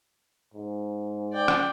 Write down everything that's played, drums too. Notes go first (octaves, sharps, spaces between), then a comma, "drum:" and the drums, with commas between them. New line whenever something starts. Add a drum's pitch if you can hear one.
G#2
D5 G5
drum: rim click